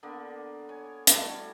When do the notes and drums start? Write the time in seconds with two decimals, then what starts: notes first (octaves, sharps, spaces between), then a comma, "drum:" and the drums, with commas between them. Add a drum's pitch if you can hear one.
0.03 D3 A#3 B3
0.69 C#5 G#5
1.07 G3 A3 E4 F#4, drum: hi-hat